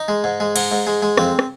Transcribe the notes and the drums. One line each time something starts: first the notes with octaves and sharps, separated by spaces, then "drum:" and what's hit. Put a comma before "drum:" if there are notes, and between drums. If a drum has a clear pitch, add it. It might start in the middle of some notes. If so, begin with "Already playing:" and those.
Already playing: D#4
G#3
G#2
G#3
G#2, drum: cymbal
G#2
G#3
G#3
F2 C4, drum: rim click
drum: rim click